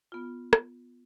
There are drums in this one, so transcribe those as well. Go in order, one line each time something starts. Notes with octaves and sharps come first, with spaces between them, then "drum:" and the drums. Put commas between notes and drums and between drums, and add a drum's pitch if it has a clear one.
B3 F4
drum: rim click